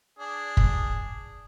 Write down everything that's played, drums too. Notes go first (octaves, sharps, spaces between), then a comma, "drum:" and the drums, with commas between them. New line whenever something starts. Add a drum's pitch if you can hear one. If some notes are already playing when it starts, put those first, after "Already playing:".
D4 G#4
drum: kick